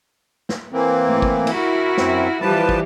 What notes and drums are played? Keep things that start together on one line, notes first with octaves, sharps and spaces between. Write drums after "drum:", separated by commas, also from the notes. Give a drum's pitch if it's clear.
drum: snare
E3 A#3 C4
A2 A3
drum: kick
E4 F#4 A#4, drum: cymbal
F#2 C4, drum: snare
E3 F3 G3 G4 B4 A5
drum: kick